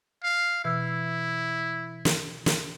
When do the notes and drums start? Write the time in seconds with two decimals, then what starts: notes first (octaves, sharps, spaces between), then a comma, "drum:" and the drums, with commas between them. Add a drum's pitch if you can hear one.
0.23 F5
0.65 B2 E3 E4 E6
2.05 drum: snare
2.46 drum: snare